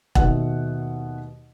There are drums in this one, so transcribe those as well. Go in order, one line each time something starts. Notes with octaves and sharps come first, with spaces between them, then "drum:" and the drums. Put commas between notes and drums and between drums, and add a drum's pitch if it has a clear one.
D#2 B2 A3 F#5, drum: kick E1